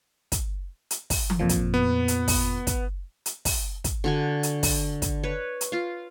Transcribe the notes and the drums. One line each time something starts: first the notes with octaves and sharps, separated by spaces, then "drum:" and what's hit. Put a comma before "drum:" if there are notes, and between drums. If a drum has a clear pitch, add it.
drum: kick, hi-hat
drum: hi-hat
drum: kick, open hi-hat
drum: tom E3
F2 A#2 F3
drum: kick, hi-hat
B3
drum: hi-hat
drum: kick, open hi-hat
drum: kick, hi-hat
drum: hi-hat
drum: kick, open hi-hat
drum: kick, hi-hat
D3 F#4 G#5
drum: hi-hat
drum: kick, open hi-hat
drum: kick, hi-hat
B4 C#5
drum: hi-hat
F4 F5